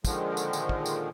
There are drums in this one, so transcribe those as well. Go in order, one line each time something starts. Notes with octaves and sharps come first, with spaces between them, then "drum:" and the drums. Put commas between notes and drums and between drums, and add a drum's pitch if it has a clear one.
A#2 D3 D#3 F3 G#3, drum: kick, tambourine
drum: tambourine
drum: tambourine
drum: kick
drum: tambourine